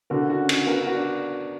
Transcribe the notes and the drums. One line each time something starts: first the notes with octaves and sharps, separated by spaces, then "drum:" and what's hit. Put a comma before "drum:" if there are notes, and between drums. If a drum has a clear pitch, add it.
D3 F#4 A#4
F#4
C#4
F#4, drum: cymbal
B3 F#4 A#4
F#4
D4